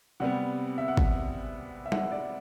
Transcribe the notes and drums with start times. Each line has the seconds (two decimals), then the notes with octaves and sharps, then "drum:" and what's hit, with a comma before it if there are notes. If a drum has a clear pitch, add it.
0.20 C3 G3 B3 F#5
0.78 E5
0.88 F#5
0.97 E5, drum: kick G#1
1.86 E5
1.92 F#5, drum: tom G3
2.12 D5